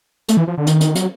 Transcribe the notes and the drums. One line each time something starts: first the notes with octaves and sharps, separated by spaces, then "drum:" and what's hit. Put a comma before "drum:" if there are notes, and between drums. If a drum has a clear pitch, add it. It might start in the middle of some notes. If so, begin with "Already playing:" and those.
A3, drum: hi-hat
E3
F3
D3
D#3, drum: hi-hat
drum: hi-hat
F#3, drum: hi-hat